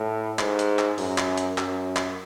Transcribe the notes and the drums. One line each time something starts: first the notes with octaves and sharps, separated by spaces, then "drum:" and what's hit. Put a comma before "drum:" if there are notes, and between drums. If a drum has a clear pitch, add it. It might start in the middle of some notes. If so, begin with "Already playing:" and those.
Already playing: A2
G#2, drum: clap
drum: hi-hat
drum: clap
F#2, drum: open hi-hat
drum: clap
drum: hi-hat
F#2, drum: clap
drum: clap